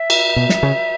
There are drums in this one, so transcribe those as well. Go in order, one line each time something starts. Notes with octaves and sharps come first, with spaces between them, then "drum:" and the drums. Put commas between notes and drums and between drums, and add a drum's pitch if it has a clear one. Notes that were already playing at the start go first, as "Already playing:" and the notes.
Already playing: E5
drum: cymbal
B2
drum: snare
C#3